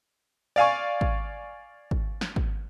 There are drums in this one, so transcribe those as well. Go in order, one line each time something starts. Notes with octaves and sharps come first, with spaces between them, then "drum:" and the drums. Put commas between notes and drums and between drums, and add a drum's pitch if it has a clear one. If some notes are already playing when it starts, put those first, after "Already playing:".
D5 F5 G#5 C#6
drum: kick
drum: kick
drum: snare
drum: kick